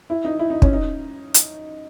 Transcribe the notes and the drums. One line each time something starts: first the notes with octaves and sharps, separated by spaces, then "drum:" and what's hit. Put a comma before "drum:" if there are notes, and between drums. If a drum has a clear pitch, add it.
E4
D#4
E4
D#4
C#4, drum: kick
D#4
drum: hi-hat